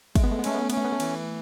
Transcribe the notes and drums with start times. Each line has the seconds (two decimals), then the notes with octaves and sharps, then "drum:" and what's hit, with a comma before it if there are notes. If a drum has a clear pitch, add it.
0.15 G#3 A3, drum: kick, cymbal
0.24 B3
0.31 A3
0.39 B3
0.44 A3 C#4, drum: cymbal
0.54 B3
0.62 A3
0.70 B3 C#4, drum: cymbal
0.77 A3
0.85 B3
0.92 A3
1.00 E3, drum: cymbal